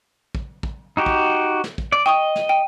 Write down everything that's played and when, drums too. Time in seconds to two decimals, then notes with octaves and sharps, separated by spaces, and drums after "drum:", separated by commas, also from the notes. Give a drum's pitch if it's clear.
0.35 drum: kick
0.63 drum: kick
0.97 D#4 F#4 G4
1.06 drum: kick
1.64 drum: snare
1.78 drum: kick
1.92 D5
2.06 D#5 G5 C#6 D#6
2.36 drum: snare
2.49 G5